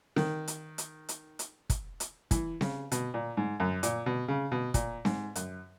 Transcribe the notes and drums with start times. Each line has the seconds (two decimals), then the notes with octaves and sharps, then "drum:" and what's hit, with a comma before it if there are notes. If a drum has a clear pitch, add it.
0.16 D#3, drum: snare C4
0.48 drum: hi-hat
0.78 drum: hi-hat
1.09 drum: hi-hat
1.39 drum: hi-hat
1.70 drum: kick, hi-hat
2.00 drum: hi-hat
2.31 E3, drum: kick, hi-hat
2.61 C#3, drum: snare C4
2.92 B2, drum: hi-hat
3.14 A#2
3.37 G#2
3.60 F#2
3.83 A#2, drum: hi-hat
4.06 B2
4.28 C#3
4.52 B2
4.74 A#2, drum: kick, hi-hat
5.05 G#2, drum: snare C4
5.35 F#2, drum: hi-hat